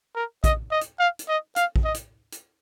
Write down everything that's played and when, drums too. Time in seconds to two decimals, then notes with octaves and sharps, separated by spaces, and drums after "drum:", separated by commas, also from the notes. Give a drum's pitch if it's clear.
0.15 A#4
0.44 D#5, drum: kick A#1, hi-hat
0.71 D#5
0.81 drum: hi-hat
0.99 F5
1.19 drum: hi-hat
1.29 D#5
1.56 F5, drum: hi-hat
1.76 drum: kick A#1
1.85 D#5
1.94 drum: hi-hat
2.32 drum: hi-hat